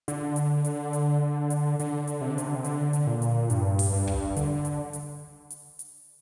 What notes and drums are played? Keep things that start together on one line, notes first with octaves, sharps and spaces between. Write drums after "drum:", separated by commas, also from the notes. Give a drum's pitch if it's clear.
D3, drum: hi-hat
drum: hi-hat
drum: hi-hat
drum: hi-hat
drum: hi-hat
D3, drum: hi-hat
drum: hi-hat
C3
D3
C3, drum: hi-hat
D3
C3
D3, drum: hi-hat
drum: hi-hat
A#2
drum: hi-hat
G2, drum: hi-hat
drum: open hi-hat
G2
drum: kick
D3, drum: hi-hat
drum: hi-hat
drum: hi-hat
drum: hi-hat
drum: hi-hat